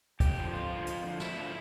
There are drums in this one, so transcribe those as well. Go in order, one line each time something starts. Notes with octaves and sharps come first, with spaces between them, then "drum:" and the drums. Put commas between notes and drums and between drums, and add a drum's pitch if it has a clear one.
F2 G4, drum: kick, hi-hat
D3 F3
F2 F4
D3 F3
F2, drum: hi-hat
D3 F3
F2 E4, drum: snare
D3 F3